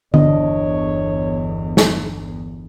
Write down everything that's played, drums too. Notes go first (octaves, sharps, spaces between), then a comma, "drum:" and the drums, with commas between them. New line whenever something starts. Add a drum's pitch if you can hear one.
G1 E2 D4 C#5 D#5, drum: tom D3
drum: snare